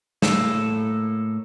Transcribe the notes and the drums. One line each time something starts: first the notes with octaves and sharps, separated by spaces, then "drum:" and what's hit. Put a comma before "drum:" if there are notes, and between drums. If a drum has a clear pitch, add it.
A2 A#3 A4, drum: snare